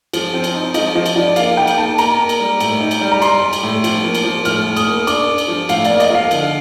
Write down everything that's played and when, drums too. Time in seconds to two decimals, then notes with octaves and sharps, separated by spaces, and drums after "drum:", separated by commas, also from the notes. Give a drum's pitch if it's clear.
0.13 F3, drum: cymbal
0.34 C4
0.44 drum: cymbal
0.54 D#4
0.74 F3 D#5, drum: cymbal
0.95 F3 D#5
1.06 drum: cymbal
1.16 F3 D5
1.36 A#3 F5, drum: cymbal
1.57 D#4 G5
1.67 drum: cymbal
1.78 A#3 A5
1.98 A#3 A#5, drum: cymbal
2.19 A#3
2.29 drum: cymbal
2.40 G3
2.60 A2, drum: cymbal
2.80 D#4
2.91 drum: cymbal
3.01 G3
3.12 A#5
3.22 G3 C6, drum: cymbal
3.42 G3
3.53 drum: cymbal
3.63 A2
3.84 F3, drum: cymbal
4.04 A#3
4.15 drum: cymbal
4.24 F3
4.45 A2 F6, drum: cymbal
4.66 A2
4.76 D#6, drum: cymbal
4.87 A#3
5.07 D4 D6, drum: cymbal
5.28 D4
5.38 drum: cymbal
5.48 F3
5.69 A2 F5, drum: cymbal
5.84 D5, drum: cymbal
5.90 A#3
6.00 D#5, drum: cymbal
6.10 F3 F5
6.31 D3, drum: cymbal